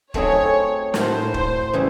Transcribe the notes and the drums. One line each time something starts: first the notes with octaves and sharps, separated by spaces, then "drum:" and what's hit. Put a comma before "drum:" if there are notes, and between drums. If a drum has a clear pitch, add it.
F#3 A3 C4 D#4 G#4 C#5, drum: kick
A2 F#3 A3 C5, drum: snare
C5, drum: kick
C#3 E3 G3